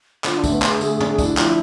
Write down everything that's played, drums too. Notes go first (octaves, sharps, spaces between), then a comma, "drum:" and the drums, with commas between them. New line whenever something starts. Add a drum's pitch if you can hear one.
D3 F4, drum: clap
D4
A3, drum: kick, tambourine
B3
D3 G#4, drum: clap
A3 G#4, drum: tambourine
G#4
D4, drum: tom
G#4
D4 E4, drum: kick, tambourine
F3 E4, drum: clap